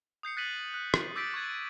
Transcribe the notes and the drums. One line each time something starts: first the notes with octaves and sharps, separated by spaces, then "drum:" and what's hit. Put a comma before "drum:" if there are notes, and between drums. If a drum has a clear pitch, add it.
D#6 G6 C7 C#7
F#6 A6 B6 C#7 D#7 F#7
F#6
drum: rim click
D6 E6 G6 A6 B6 D7
C#6 F#6 G#6 A6